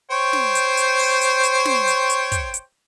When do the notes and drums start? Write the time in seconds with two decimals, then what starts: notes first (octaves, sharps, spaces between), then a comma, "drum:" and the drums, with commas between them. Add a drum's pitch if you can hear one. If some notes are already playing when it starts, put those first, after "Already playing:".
0.11 C5 C#5 G5
0.33 drum: snare
0.55 drum: hi-hat
0.77 drum: hi-hat
0.99 drum: open hi-hat
1.21 drum: hi-hat
1.43 drum: hi-hat
1.65 drum: snare
1.87 drum: hi-hat
2.10 drum: hi-hat
2.32 drum: kick, hi-hat
2.54 drum: hi-hat